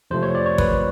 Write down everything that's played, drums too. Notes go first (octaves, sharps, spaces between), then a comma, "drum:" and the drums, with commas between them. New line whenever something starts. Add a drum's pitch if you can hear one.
F2 C3 F3 A3 C5
C#5
D5
C#5
B4, drum: kick